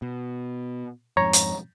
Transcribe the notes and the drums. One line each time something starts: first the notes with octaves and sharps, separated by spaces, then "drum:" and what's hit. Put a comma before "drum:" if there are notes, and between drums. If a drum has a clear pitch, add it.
B2
F2 G#2 C#5 A#5
drum: hi-hat